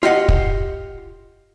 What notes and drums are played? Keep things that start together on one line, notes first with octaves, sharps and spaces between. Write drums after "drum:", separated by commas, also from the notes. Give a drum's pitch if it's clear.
F4 G4 D#5 F#5
drum: kick